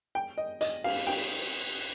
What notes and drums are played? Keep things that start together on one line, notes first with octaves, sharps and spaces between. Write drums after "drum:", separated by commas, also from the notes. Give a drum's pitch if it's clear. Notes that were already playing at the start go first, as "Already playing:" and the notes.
G5
D#5
D#5, drum: hi-hat
F5, drum: cymbal
G5, drum: cymbal